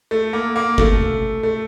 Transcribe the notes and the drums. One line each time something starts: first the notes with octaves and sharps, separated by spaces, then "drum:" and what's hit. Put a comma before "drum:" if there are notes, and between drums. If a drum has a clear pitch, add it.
A3
A#3
A#3
A3, drum: kick G1
A3